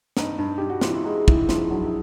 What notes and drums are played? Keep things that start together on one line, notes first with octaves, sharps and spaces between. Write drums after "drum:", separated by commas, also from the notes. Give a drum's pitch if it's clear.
G2 D#4, drum: snare
G2
G2 G4
F#4
E3 F4, drum: snare
E4
G#3 D#4
E3 G#3 E4, drum: kick
G2 F3 F4, drum: snare
G2 F#3 F#4
E4